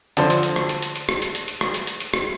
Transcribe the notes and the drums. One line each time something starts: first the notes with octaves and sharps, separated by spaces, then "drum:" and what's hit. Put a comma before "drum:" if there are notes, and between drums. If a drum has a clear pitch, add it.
D3 F3 C5, drum: hi-hat
drum: hi-hat
drum: hi-hat
drum: rim click
drum: hi-hat
drum: hi-hat
drum: hi-hat
drum: rim click
drum: hi-hat
drum: hi-hat
drum: hi-hat
drum: rim click
drum: hi-hat
drum: hi-hat
drum: hi-hat
drum: rim click